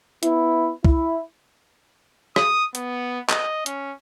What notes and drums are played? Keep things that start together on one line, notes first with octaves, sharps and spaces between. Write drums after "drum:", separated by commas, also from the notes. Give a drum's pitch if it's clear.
B3 E4, drum: hi-hat
E4, drum: kick
D#6, drum: rim click
B3, drum: hi-hat
D#5, drum: clap
C#4, drum: hi-hat